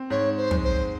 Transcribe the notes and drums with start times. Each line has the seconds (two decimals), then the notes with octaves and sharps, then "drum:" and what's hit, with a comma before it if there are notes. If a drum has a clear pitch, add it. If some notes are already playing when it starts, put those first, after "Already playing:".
Already playing: C4
0.10 G#2 C#5
0.37 C5
0.51 G#3, drum: tom
0.64 C5